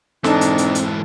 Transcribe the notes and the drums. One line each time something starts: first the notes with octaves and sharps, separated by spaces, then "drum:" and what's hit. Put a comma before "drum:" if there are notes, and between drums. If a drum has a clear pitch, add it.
G#2 E3 C4 D4 D#4 A4 A5, drum: snare
drum: hi-hat
drum: hi-hat
drum: hi-hat